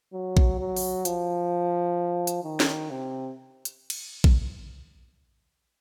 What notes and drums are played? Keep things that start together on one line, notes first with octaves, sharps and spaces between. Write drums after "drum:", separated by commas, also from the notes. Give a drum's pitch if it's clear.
F#3
drum: kick A#1
F#3
drum: open hi-hat
F3, drum: hi-hat
drum: hi-hat
D#3
drum: snare
C3
drum: hi-hat
drum: cymbal
drum: kick A#1